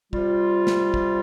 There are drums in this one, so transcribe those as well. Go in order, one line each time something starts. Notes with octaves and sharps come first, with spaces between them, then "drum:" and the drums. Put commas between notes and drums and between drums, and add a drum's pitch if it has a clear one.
C3 G3 F4, drum: kick
drum: snare
drum: kick